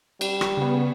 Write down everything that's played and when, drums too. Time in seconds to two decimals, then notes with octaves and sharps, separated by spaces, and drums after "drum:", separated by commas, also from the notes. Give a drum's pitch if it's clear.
0.21 G3, drum: cymbal
0.41 drum: rim click
0.57 C#3 B3